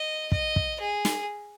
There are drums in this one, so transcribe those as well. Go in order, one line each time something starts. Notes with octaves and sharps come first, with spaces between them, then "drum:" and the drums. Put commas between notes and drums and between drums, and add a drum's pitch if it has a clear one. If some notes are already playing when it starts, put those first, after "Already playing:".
Already playing: D#5
D#5, drum: kick
drum: kick
G#4
drum: snare